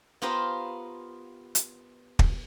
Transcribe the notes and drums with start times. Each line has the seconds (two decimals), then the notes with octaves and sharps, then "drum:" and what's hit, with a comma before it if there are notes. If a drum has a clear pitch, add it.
0.22 B3 F4 G4 A#4 C5
1.55 drum: hi-hat
2.19 drum: kick